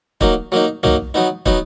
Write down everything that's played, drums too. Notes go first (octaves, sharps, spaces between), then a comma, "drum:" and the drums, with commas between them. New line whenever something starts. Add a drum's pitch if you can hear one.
F#3 A#3 D#4, drum: kick
F#3 A#3 D#4
F#3 A#3 D#4, drum: tom
F#3 B3 D#4
F#3 B3 D#4, drum: kick